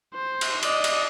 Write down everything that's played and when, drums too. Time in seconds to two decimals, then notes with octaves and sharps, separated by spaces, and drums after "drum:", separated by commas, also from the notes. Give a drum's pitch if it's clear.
0.15 C5
0.41 drum: cymbal
0.63 D5 D#5, drum: cymbal
0.84 drum: cymbal